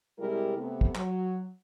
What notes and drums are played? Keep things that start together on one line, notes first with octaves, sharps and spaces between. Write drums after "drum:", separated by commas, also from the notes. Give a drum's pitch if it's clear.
C3 G3 G#3 E4 G4 A#4
C3 A3 B3
drum: kick
F#3, drum: clap